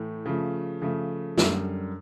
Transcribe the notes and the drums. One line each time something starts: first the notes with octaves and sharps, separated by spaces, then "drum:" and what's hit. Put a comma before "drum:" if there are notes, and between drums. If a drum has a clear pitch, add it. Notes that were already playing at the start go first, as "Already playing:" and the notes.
Already playing: A2 E3 A3
C#3 F3 A3
C#3 F3 A3
F#2 D3 G3, drum: snare